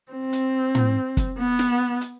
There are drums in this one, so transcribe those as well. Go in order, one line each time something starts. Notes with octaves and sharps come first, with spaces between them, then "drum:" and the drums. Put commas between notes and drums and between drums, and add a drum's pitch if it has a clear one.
C4
drum: hi-hat
drum: tom
drum: kick, hi-hat
B3
drum: snare
drum: hi-hat